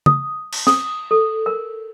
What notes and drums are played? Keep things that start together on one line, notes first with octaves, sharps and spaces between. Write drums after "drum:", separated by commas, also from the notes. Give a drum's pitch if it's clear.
D#6, drum: tom C#3
drum: cymbal
D#6, drum: snare
A4
A#4